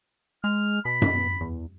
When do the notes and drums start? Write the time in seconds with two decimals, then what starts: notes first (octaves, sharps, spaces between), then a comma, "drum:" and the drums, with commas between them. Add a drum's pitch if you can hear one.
0.44 G#3 F6
0.85 B2 B5
1.02 drum: tom F#2
1.41 E2